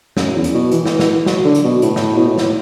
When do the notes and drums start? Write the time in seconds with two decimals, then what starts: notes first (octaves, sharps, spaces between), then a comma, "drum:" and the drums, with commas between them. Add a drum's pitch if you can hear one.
0.17 F#2, drum: snare
0.34 E2
0.44 drum: hi-hat
0.54 B2
0.71 E3, drum: hi-hat
0.86 drum: snare
0.99 drum: snare
1.26 F#3, drum: snare
1.45 D3
1.55 drum: hi-hat
1.64 B2
1.82 A2, drum: hi-hat
1.96 drum: snare
2.17 B2
2.28 A2
2.38 drum: snare